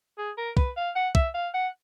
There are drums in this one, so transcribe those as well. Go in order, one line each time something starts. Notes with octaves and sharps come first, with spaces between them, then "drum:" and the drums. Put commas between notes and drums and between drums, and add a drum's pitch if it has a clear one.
G#4
A#4
B4, drum: kick
F5
F#5
E5, drum: kick
F5
F#5